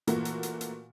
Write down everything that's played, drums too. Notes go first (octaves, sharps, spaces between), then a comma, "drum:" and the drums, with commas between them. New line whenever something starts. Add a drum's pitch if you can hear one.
A#2 E3 A3 A#3 F#4 A#4, drum: hi-hat
drum: hi-hat
drum: hi-hat
drum: hi-hat